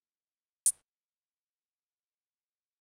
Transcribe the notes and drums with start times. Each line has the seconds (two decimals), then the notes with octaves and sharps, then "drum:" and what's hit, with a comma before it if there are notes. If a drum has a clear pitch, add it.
0.01 A3 D#4
0.66 drum: hi-hat